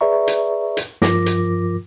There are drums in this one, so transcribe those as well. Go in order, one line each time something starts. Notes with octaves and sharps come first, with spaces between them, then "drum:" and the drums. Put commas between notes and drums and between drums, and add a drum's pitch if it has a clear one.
G#4 B4 D5 E5 A#5 C#6
drum: hi-hat
drum: hi-hat
G2 F3 F4 A#4 D6 A#6, drum: snare
drum: hi-hat